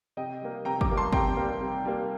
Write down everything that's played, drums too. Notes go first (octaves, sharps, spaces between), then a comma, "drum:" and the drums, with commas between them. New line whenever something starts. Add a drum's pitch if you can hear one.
C3 D#5 G5
G3 A#3
C3 G5 A#5
A#5 D6, drum: kick
G3 A#3
A5 C6
C3 G5 A#5, drum: kick
G3 A#3
C3
G3 A#3